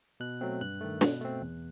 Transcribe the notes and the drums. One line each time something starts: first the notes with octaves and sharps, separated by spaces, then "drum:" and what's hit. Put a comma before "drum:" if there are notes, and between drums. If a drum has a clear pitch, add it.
B2 F#6
F#3 A3 C4
G2 F#6
D#3 A3
B2, drum: snare
A3 C4
E2